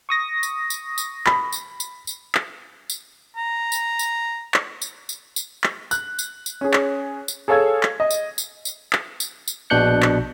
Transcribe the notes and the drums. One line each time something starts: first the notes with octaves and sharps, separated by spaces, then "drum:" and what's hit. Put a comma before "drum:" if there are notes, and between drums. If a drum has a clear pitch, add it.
C#6 D#6 A#6
drum: tambourine
drum: tambourine
drum: tambourine
B5, drum: clap
drum: tambourine
drum: tambourine
drum: tambourine
drum: clap
drum: tambourine
A#5
drum: tambourine
drum: tambourine
drum: clap
drum: tambourine
drum: tambourine
drum: tambourine
drum: clap
F#6, drum: tambourine
drum: tambourine
drum: tambourine
C#4 G#4
drum: clap
drum: tambourine
G#4 A4 C#5 F5 E6 G#6
drum: clap
D#5
drum: tambourine
drum: tambourine
drum: tambourine
drum: clap
drum: tambourine
drum: tambourine
A#1 B2 D4 F#6 G6 C#7
drum: clap